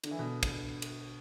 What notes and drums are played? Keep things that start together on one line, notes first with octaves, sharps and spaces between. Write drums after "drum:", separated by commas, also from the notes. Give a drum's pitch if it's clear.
D3, drum: cymbal
E3
B2 D3
drum: kick, cymbal
drum: cymbal